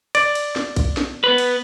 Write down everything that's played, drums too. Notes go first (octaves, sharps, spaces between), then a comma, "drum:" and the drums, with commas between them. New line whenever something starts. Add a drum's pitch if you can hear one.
D5, drum: cymbal
drum: cymbal
drum: snare
drum: kick, cymbal
drum: snare
B3 B4
drum: cymbal